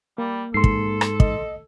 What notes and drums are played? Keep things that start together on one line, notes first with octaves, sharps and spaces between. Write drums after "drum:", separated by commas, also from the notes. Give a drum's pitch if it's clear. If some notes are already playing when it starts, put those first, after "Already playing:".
G3 A#3
G#2 A4 C6 C7
drum: kick
drum: rim click
D#5, drum: kick